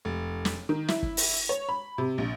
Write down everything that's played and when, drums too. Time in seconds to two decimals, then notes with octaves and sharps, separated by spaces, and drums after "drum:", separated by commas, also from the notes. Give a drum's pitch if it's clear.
0.05 F1
0.45 drum: snare
0.69 D#3
0.88 E4, drum: snare
1.03 drum: kick
1.17 drum: open hi-hat
1.49 C#5
1.69 B5
1.98 C3
2.18 A#1